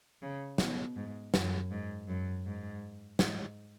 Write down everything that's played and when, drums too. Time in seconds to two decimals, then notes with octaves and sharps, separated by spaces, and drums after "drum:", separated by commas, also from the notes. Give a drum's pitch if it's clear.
0.22 C#3
0.58 B2, drum: snare
0.96 G#2
1.34 F#2, drum: snare
1.71 G#2
2.08 F#2
2.46 G#2
3.19 G#2, drum: snare